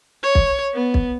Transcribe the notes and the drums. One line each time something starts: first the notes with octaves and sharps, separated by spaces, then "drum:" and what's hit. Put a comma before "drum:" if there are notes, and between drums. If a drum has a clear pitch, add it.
C#5
drum: kick
B3
drum: kick